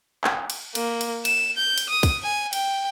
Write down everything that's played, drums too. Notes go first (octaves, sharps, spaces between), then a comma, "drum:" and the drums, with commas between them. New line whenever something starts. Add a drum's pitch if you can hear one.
drum: clap
drum: cymbal
A#3, drum: cymbal
drum: cymbal
E7, drum: cymbal
G6
drum: cymbal
D#6
drum: kick, cymbal
G#5
G5, drum: cymbal